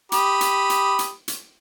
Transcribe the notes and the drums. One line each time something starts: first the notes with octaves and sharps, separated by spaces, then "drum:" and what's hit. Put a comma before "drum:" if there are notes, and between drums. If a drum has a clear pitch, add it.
G4 B5 D#6, drum: hi-hat
drum: hi-hat
drum: hi-hat
drum: hi-hat
drum: hi-hat